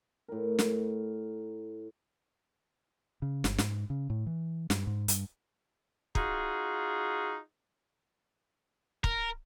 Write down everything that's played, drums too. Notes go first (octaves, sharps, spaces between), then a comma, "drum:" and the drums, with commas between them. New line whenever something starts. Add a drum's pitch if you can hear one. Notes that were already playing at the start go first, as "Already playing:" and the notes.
A2 A#4
drum: snare
C#3
G1, drum: snare
G#2, drum: snare
C#3
A2
E3
G2, drum: snare
G#2
G2, drum: hi-hat
D#4 F4 F#4 G#4, drum: kick
A#4, drum: kick